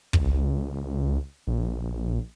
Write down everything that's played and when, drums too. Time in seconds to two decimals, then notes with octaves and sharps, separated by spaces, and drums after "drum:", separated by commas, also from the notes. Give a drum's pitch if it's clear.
0.13 C#2, drum: kick
1.47 A#1